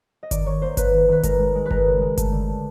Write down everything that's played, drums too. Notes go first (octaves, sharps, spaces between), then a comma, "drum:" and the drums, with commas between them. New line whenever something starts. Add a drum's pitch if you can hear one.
D#5
D#3 D5, drum: kick G1, hi-hat
D#3 C#5
A#3 C5
A#3 B4, drum: kick G1, hi-hat
D#3
D#3 B4
G#3 A#4, drum: kick G1, hi-hat
G#3
G#3
B4
G#3 A#4, drum: kick G1
C#3
G#3
A3, drum: kick G1, hi-hat
D3
D3